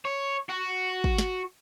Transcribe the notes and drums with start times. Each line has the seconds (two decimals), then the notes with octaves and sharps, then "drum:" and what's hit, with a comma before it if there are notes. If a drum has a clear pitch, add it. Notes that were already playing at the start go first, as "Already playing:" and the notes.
0.05 C#5
0.49 F#4
1.04 drum: kick
1.18 drum: snare